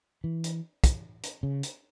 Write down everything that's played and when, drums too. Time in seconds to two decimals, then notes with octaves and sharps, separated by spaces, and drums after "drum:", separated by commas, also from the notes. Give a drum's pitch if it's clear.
0.24 E3
0.44 drum: hi-hat
0.84 drum: kick, hi-hat
1.23 drum: hi-hat
1.43 C#3
1.63 drum: hi-hat